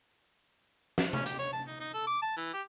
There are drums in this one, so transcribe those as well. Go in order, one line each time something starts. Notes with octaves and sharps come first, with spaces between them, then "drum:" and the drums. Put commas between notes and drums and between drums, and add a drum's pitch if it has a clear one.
drum: snare
C#4, drum: tom C3
G4, drum: hi-hat
C#5
A5
D#4
D#4
A4
D6
A5
E3
G4